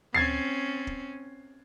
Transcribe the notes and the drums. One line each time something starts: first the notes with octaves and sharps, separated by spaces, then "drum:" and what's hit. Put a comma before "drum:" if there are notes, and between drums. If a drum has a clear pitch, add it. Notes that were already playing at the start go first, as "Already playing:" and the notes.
C4 C#4 G#6 A6 C7, drum: tom D2
drum: kick